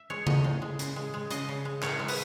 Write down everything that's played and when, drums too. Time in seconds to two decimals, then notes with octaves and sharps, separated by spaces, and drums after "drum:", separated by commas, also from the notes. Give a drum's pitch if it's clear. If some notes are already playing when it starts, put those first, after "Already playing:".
Already playing: E5
0.10 G#3 C#5
0.27 A2 D#5, drum: tom C#3
0.44 A2
0.62 G#3
0.79 C#3, drum: hi-hat
0.96 G#3
1.14 G#3
1.31 C#3 D#5, drum: hi-hat
1.49 C#3
1.65 G#3
1.83 A2 C#5, drum: clap
1.99 G#3
2.08 B4, drum: open hi-hat